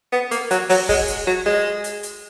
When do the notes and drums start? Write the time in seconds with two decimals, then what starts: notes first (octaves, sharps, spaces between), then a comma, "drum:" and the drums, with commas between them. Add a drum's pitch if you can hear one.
0.12 B3
0.31 A#3, drum: hi-hat
0.51 F#3, drum: hi-hat
0.69 F#3, drum: open hi-hat
0.89 G#3, drum: kick, open hi-hat
1.08 drum: hi-hat
1.27 F#3
1.46 G#3
1.84 drum: hi-hat
2.03 drum: hi-hat